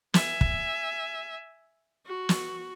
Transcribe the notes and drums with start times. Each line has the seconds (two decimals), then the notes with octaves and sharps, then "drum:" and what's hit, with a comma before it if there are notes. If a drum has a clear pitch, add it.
0.14 E5 G#5, drum: snare
0.41 drum: kick
2.06 F#4
2.29 drum: snare